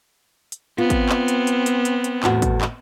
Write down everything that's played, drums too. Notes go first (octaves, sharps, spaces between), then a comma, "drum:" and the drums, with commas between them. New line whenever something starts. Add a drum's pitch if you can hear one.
drum: hi-hat
B3 C4 F4
drum: kick, hi-hat
drum: clap
drum: hi-hat
drum: hi-hat
drum: hi-hat
drum: hi-hat
drum: hi-hat
E2 A2 F#4, drum: clap
drum: kick, hi-hat
drum: clap